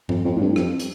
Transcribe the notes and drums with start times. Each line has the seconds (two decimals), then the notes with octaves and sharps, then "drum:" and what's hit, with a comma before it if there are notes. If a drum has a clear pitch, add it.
0.09 F2, drum: tom G2
0.25 F2
0.36 A2
0.41 G2
0.56 F2, drum: rim click
0.79 drum: hi-hat